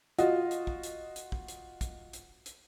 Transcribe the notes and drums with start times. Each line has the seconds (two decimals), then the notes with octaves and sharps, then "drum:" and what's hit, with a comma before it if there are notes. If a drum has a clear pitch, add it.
0.18 F4 F#4 D#5, drum: hi-hat
0.51 drum: hi-hat
0.67 drum: kick
0.83 drum: hi-hat
1.16 drum: hi-hat
1.32 drum: kick
1.48 drum: hi-hat
1.81 drum: kick, hi-hat
2.13 drum: hi-hat
2.46 drum: hi-hat